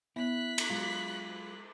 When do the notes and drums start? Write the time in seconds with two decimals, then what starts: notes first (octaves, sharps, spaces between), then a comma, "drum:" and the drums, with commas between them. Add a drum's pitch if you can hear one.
0.16 B3 E4 F#6 B6
0.58 drum: cymbal
0.70 F#3 G#3 F4